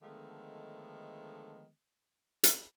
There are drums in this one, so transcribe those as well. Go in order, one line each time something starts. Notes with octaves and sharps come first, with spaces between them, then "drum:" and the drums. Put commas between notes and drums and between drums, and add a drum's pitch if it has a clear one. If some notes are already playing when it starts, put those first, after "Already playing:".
D3 D#3 F3 G#3 A3 B3
drum: hi-hat